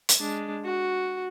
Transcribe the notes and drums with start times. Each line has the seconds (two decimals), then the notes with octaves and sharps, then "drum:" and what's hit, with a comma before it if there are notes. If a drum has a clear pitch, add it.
0.09 drum: hi-hat
0.20 G#3 D4
0.65 F#4